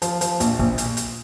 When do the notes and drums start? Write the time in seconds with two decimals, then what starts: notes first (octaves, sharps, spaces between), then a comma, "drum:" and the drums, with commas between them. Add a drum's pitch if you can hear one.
0.02 F3, drum: hi-hat
0.21 F3, drum: hi-hat
0.40 A#1, drum: hi-hat
0.59 A#1, drum: kick
0.78 drum: hi-hat
0.97 drum: hi-hat